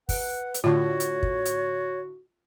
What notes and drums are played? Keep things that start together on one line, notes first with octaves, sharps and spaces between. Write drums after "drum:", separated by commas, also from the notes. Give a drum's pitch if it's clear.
B4 F#5, drum: kick, open hi-hat
drum: hi-hat
A2 D3 F4 F#4 C#5
drum: hi-hat
drum: kick
drum: hi-hat